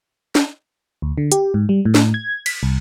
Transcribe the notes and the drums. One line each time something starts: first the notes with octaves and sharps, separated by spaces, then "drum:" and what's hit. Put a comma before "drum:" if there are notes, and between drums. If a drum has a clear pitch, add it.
drum: snare
D2
D3
G4, drum: hi-hat
G#2
G3
A2
drum: snare
G#6
B6, drum: cymbal
C2